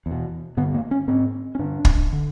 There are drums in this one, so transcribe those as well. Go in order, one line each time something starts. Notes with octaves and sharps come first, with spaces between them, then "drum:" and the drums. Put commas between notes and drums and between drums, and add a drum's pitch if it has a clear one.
E2
B2
G2 D3 B3
A#3
C#4
G#2 C4
C#4
G2 D3 D4
drum: kick
D3